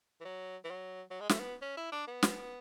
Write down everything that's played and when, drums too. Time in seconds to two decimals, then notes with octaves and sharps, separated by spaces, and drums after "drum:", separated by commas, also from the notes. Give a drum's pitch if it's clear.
0.21 E3
0.25 F#3
0.64 E3
0.70 F#3
1.11 F#3
1.20 G#3
1.29 A3, drum: snare
1.39 B3
1.62 C#4
1.77 E4
1.92 D4
2.07 B3
2.23 drum: snare